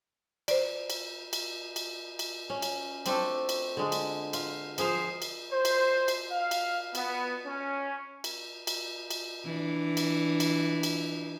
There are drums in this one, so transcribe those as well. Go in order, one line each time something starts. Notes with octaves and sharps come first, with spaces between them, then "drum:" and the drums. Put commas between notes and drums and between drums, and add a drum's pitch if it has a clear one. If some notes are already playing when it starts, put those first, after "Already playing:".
C5 D5, drum: cymbal
drum: cymbal
drum: cymbal
drum: cymbal
drum: cymbal
C#4
drum: cymbal
A3 C4 D4 A4, drum: cymbal
drum: cymbal
D3 G#3
drum: cymbal
F4, drum: cymbal
F3 G#4 C5 F5, drum: cymbal
drum: cymbal
C5
drum: cymbal
drum: cymbal
F5
drum: cymbal
B3, drum: cymbal
C#4
drum: cymbal
drum: cymbal
drum: cymbal
E3 D4
drum: cymbal
drum: cymbal
drum: cymbal